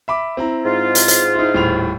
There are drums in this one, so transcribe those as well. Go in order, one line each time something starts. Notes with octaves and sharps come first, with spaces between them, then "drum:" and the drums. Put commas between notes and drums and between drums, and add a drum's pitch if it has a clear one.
E5 B5 D6
C4 E4 A#5
G#2 F4
drum: hi-hat
drum: hi-hat
D#4 E4
D#1 A2 F7